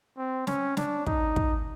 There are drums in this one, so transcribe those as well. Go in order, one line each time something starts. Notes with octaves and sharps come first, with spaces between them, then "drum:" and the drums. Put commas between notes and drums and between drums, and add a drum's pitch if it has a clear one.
C4
C#4, drum: snare
D4, drum: snare
D#4, drum: kick
drum: kick